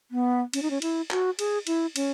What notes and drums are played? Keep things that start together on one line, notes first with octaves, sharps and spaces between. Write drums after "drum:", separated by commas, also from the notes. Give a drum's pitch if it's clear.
B3
C#4, drum: cymbal
D#4
C#4
E4, drum: cymbal
F#4, drum: clap
G#4, drum: cymbal
E4, drum: cymbal
C#4, drum: cymbal